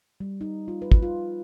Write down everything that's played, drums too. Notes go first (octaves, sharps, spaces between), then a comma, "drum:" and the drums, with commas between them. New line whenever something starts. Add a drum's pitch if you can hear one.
G3
D#4
F4
B4
drum: kick
F4